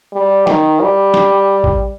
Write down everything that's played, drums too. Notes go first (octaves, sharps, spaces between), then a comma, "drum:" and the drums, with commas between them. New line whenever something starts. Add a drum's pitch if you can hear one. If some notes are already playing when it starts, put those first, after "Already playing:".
G3
D#3, drum: snare
G3
drum: snare
drum: kick A1